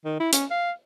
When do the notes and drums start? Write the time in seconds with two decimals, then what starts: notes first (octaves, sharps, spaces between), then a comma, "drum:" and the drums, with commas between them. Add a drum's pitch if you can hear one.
0.05 D#3
0.20 E4
0.33 C#4, drum: hi-hat
0.51 F5